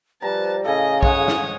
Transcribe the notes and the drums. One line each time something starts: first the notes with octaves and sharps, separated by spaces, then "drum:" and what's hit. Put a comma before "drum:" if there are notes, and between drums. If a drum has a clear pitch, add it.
F3 G3 B4 A5 A#5
A2 C#3 A4 D#5 F5 G#5
G#3 C#5 F#5 D#6, drum: kick A#1
drum: snare